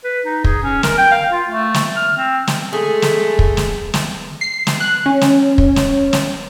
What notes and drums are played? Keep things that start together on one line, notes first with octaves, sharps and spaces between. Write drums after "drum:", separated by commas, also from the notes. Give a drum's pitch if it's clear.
B4
D#4
G#4, drum: kick
C#4
A#4, drum: snare
G5
F5
F4
A3
drum: snare
F6
C4
drum: snare
G#3 A3 G#4
drum: snare
drum: kick
drum: snare
drum: snare
C7
drum: snare
F#6
C#4
drum: snare
drum: kick
drum: snare
drum: snare